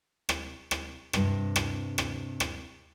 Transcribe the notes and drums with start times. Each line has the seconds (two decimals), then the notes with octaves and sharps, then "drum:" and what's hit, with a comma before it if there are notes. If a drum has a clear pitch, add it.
0.29 drum: rim click
0.71 drum: rim click
1.13 G2 C3, drum: rim click
1.56 drum: rim click
1.98 drum: rim click
2.40 drum: rim click